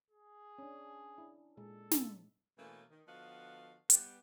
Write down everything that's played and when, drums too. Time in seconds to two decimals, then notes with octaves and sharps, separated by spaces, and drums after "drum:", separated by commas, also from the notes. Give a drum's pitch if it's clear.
0.11 G#4
0.58 C#4 D4
1.18 D4 E4
1.57 A#2 G#3 A4
1.91 drum: snare
2.57 B2 E3 A3 A#3 C#4
2.90 D#3
3.07 D3 F3 B3 F#4 D#5 F5
3.90 G3 B3 G4, drum: hi-hat